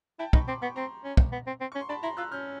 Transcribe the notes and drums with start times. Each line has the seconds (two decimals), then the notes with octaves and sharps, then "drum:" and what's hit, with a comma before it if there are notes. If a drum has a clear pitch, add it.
0.19 E4 G5 A5
0.33 D#4 B5 C#6, drum: kick
0.48 C4 C6 D6
0.62 B3 B5 C#6
0.76 C4 A#5 C6
1.04 C#4
1.17 drum: kick
1.32 B3
1.47 C4
1.60 C4
1.72 C#4 C#6
1.80 C6
1.89 D4 A5 B5
2.03 E4 A#5 C6
2.17 F4 E6 F#6
2.32 C#4 F6 G6